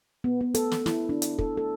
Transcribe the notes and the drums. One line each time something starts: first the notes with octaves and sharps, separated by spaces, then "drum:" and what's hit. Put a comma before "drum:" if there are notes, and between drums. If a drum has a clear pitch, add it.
B3
B3
A4, drum: hi-hat
drum: snare
E4, drum: snare
D4
drum: hi-hat
A4, drum: kick
A4